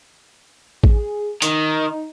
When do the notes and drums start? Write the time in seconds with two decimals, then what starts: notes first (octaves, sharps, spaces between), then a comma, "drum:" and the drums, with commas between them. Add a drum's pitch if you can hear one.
0.84 G#4, drum: kick A1
1.42 D#3 D#4, drum: hi-hat